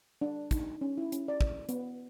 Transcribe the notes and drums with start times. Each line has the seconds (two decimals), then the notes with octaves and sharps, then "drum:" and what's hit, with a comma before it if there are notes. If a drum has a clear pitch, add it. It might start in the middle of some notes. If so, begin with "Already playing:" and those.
0.21 D4
0.51 D#4, drum: kick, hi-hat
0.81 C#4
0.98 E4
1.12 C#4, drum: hi-hat
1.28 D5
1.41 drum: kick
1.69 B3, drum: hi-hat